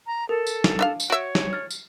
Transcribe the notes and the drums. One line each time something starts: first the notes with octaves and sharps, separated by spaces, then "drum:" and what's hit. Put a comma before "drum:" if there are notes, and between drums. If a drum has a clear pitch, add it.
A#5
A4 A#4
drum: tambourine
drum: snare
D4 E5 F5
drum: tambourine
F#4 C#5 E5 D7
drum: snare
F6 A6
drum: tambourine